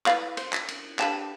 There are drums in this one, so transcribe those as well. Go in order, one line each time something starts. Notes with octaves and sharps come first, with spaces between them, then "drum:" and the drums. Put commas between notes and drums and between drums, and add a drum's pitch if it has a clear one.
E4 B4 D5 F5, drum: clap
C5, drum: cymbal
drum: clap
drum: cymbal
D4 G4 B4 F5 A5, drum: clap